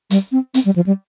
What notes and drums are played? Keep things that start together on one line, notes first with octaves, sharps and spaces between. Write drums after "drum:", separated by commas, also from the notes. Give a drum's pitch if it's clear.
G3, drum: hi-hat
C4
C4, drum: hi-hat
G3
F3
G3